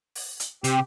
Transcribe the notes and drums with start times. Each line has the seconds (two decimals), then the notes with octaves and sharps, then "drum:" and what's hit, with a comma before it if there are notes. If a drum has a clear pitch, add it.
0.15 drum: open hi-hat
0.40 drum: hi-hat
0.64 C3 C4 G4, drum: hi-hat